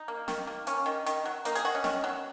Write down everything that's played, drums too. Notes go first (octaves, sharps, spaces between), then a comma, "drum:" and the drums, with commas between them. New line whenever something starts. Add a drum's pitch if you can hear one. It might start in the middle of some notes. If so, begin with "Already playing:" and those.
Already playing: D#4
A#3
D#3, drum: snare
A#3
A#3 C#4, drum: hi-hat
D#3
D#3, drum: hi-hat
F#3
A#3 D#4, drum: hi-hat
G#4, drum: hi-hat
D#3 F#4
C#4
D#3, drum: snare
F#3